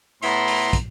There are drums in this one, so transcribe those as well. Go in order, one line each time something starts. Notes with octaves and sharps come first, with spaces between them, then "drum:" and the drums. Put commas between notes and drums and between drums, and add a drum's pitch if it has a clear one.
A2 B3 E4 A#5 C6, drum: open hi-hat
drum: open hi-hat
drum: kick, hi-hat